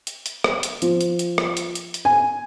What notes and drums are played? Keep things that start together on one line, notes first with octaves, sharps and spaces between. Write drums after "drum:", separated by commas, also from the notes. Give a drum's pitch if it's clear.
drum: hi-hat
drum: hi-hat
drum: rim click
drum: hi-hat
F3, drum: hi-hat
drum: hi-hat
drum: hi-hat
drum: rim click
drum: hi-hat
drum: hi-hat
drum: hi-hat
G#5